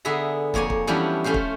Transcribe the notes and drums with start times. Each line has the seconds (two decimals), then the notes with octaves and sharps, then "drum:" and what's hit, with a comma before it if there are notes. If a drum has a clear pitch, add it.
0.05 D3 B3 G#4 E5 A#5
0.54 F2 A#3 C#5 D5 G#5, drum: kick
0.70 drum: kick
0.87 E3 F3 G3 B3 C#4 D4
1.24 A3 C#4 F4 C5
1.34 drum: kick